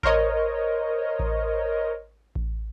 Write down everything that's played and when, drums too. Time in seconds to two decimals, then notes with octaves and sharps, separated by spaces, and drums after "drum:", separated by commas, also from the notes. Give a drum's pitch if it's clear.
0.03 A#4 C5 C#5 D#5, drum: kick A1
1.19 drum: kick A1
2.35 drum: kick A1